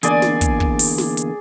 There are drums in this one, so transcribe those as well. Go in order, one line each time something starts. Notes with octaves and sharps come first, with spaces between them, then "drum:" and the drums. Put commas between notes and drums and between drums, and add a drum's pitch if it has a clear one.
E2 D3 A#3 G#4 D5 G#5, drum: hi-hat
drum: snare
drum: kick, hi-hat
drum: kick
drum: open hi-hat
drum: snare
drum: hi-hat